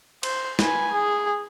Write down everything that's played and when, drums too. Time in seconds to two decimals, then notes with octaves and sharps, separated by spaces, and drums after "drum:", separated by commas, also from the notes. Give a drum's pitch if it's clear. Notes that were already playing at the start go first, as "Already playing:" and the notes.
0.23 C5, drum: cymbal
0.59 B4 G#5, drum: snare
0.92 G#4